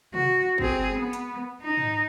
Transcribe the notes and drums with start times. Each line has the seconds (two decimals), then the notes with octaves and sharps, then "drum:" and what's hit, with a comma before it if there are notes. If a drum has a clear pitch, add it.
0.14 F#4, drum: tom C3
0.58 C4 G#4, drum: kick
0.95 B3
1.13 drum: hi-hat
1.62 D#4
1.77 drum: tom G#2